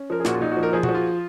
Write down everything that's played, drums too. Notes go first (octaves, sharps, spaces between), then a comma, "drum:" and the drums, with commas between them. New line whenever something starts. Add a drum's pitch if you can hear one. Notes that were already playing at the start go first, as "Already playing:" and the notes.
Already playing: C#4
F3 A#4
G#4
A#2 F#4, drum: snare
F4
A#2 D#4
F#4
F3
A#4
F3 G#4
F#4, drum: tom A#2
F3
F4